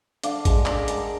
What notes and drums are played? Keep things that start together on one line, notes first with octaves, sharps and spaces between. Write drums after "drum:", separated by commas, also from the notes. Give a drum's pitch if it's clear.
D3 D5 F5, drum: hi-hat
G#3, drum: kick, hi-hat
D3 A#4 D5, drum: clap
G#3, drum: hi-hat